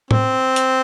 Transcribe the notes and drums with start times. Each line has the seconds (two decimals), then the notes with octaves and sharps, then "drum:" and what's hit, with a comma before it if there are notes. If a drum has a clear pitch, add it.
0.11 C4, drum: tom A2
0.56 drum: hi-hat